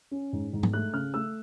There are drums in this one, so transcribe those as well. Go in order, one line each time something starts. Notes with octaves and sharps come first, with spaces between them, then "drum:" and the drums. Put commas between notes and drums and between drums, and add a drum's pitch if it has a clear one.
C#4
G#2
G#2
drum: tom G#2
A3 F#6
C#3 F6
A3 E6